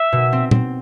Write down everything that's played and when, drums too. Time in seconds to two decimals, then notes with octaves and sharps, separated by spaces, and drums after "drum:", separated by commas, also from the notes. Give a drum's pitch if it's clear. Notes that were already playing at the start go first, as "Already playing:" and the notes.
Already playing: E5
0.13 B2
0.33 C4
0.51 C4, drum: tom